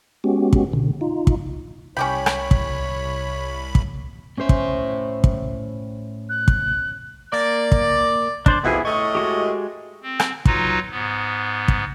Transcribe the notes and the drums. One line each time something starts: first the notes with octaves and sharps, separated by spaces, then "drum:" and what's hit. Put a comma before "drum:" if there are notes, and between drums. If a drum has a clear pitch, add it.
G#3 B3 C#4 F#4 G4
drum: kick
B2 D3
D#4 F4
drum: kick
C2 C#4 G4 C#5 G5 B5
drum: rim click
drum: kick
drum: kick
A2 C#4 C5 E5
drum: kick
drum: kick
F#6
drum: kick
A#3 D5
drum: kick
D4 C5 D5, drum: kick
F2 B2 B3 E4 G#4
A2 A3 D#5 C#6
G#3 F#4 G4
C4
drum: rim click
F#3 D#4 F4 F#4 B4, drum: kick
G#2 B3
drum: kick